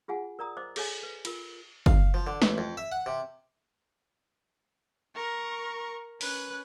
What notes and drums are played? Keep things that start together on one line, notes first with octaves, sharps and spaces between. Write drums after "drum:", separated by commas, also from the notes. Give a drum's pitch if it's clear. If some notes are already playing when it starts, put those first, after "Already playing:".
F4 G#4 F#5 G#5
A#4 D5 A#5 D#6
C5 D#5 D6
G#4 A4 C#5 D#5 G#5, drum: cymbal
B4
F4 A#4, drum: cymbal
F5, drum: kick
F3
D3
A1, drum: snare
F2
E5
F#5
C3
A#4 C#6
C#4 B4 F#6, drum: open hi-hat